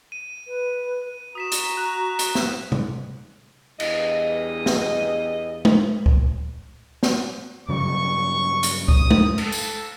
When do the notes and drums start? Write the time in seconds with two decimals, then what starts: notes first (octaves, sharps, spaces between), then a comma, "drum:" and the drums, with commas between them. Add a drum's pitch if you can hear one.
0.12 D#7
0.47 B4
1.35 F#4 A#5 D#6 B6 E7
1.52 drum: hi-hat
1.77 F#6
2.19 drum: hi-hat
2.35 drum: snare
2.72 drum: tom C3
3.80 E2 G2 D#5, drum: cymbal
4.66 drum: snare
5.65 drum: tom G#3
6.06 drum: kick C#2
7.03 drum: snare
7.69 G2 C#3 F#3 C#6
8.63 drum: hi-hat
8.88 D#6, drum: kick C#2
9.11 drum: tom G#3
9.38 A4, drum: cymbal
9.52 drum: tambourine